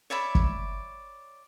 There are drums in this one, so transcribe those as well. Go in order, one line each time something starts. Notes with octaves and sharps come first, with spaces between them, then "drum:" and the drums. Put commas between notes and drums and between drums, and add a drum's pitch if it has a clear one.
C#5 D5 E5 B5
drum: kick